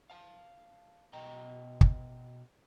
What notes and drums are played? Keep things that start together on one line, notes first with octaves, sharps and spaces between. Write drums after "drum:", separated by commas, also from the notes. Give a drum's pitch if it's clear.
F5 A5
B2 D#5 G5 A#5
drum: kick